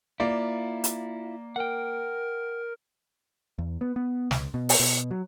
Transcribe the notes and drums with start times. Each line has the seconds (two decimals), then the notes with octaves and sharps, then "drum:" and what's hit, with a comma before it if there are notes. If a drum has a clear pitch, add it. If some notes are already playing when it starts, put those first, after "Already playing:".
0.20 A#3 E4 F4 D5
0.84 drum: hi-hat
1.56 A#4 F#5 G5
3.58 E2
3.81 B3
3.96 B3
4.31 C#2, drum: snare
4.54 B2
4.69 drum: open hi-hat
4.80 B2
5.11 F#3